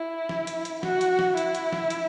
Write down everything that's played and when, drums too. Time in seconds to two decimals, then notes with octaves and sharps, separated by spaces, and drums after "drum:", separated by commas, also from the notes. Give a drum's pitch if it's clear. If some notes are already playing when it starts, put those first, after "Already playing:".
Already playing: E4
0.29 drum: snare
0.47 drum: hi-hat
0.65 drum: hi-hat
0.83 F#4, drum: snare
1.01 drum: hi-hat
1.19 drum: snare
1.37 E4, drum: hi-hat
1.55 drum: hi-hat
1.73 drum: snare
1.90 drum: hi-hat